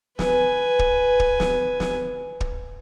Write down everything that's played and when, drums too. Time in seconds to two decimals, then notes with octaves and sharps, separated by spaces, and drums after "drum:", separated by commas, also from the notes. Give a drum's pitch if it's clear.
0.19 B4 G#5, drum: snare
0.79 drum: kick
1.20 drum: kick
1.40 drum: snare
1.80 drum: snare
2.40 drum: kick